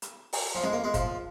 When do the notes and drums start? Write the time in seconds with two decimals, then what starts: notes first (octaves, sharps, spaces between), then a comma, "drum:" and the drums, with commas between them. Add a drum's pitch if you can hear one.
0.02 drum: hi-hat
0.33 drum: open hi-hat
0.55 F3
0.63 G#3, drum: snare
0.73 A#3
0.84 G#3
0.94 F3, drum: kick, hi-hat